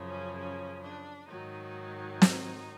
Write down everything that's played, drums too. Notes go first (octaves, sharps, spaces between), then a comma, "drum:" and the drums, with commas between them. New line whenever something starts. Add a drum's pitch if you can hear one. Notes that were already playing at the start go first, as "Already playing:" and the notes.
Already playing: F#2 C#3 F3
C#4
C#4
D4
G#2 D#3 F#3 D#4
drum: snare